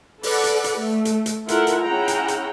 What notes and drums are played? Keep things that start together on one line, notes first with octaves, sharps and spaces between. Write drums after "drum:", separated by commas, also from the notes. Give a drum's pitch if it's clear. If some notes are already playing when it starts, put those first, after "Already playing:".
A4 B4 D5 F#5, drum: open hi-hat
drum: hi-hat
drum: hi-hat
A3
drum: hi-hat
drum: hi-hat
E4 F4 A4 A#4 F#5, drum: hi-hat
drum: hi-hat
C#4 E4 G#4 F#5 G5 A#5
drum: hi-hat
drum: hi-hat